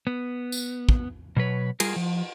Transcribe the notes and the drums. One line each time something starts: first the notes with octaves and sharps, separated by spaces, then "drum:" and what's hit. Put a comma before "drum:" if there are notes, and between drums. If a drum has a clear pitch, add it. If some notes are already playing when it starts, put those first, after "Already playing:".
B3
drum: tambourine
drum: kick
B2 F#3 B4 C#5
G3 F4 G#4 A#4, drum: cymbal
F3